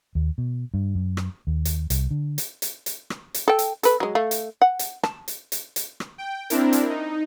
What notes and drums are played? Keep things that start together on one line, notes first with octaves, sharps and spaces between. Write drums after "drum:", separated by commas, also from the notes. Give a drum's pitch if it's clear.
D#2
B2
G2
F#2
drum: rim click
D#2
drum: hi-hat
C2, drum: hi-hat
D3
drum: hi-hat
drum: hi-hat
drum: hi-hat
drum: rim click
drum: hi-hat
A4 G5
drum: hi-hat
A4 B4, drum: hi-hat
F#3 G#3
A3 F5
drum: hi-hat
F#5
drum: hi-hat
A5, drum: rim click
drum: hi-hat
drum: hi-hat
drum: hi-hat
drum: rim click
G5
C4 D4 E4 A#4, drum: hi-hat
drum: hi-hat
D#4